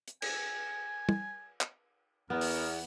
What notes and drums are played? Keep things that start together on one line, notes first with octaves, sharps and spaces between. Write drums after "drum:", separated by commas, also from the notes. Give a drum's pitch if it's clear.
drum: hi-hat
G#5, drum: cymbal
drum: tom
drum: clap
E2 B3 A#4
drum: open hi-hat